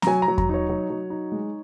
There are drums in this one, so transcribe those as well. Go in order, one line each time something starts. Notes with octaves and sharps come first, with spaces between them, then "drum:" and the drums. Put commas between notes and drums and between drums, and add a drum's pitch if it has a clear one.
A#5, drum: snare C4
F#3 G#5
A#5
F#3
A#5, drum: kick E2
D#4 C#5
F#3
F#3
D#4
G#3